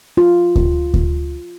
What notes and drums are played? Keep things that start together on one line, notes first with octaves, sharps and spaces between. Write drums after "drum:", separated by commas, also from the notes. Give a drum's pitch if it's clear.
F4
drum: kick D2
drum: kick D2